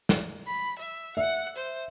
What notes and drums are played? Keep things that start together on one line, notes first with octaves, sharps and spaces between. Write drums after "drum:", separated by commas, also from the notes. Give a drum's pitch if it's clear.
drum: snare
B5
E5
E5 F#5
C5